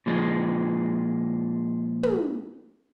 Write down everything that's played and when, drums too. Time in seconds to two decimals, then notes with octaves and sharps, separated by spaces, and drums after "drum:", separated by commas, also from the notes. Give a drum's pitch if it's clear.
0.06 A#2 F3 G#3
2.03 drum: tom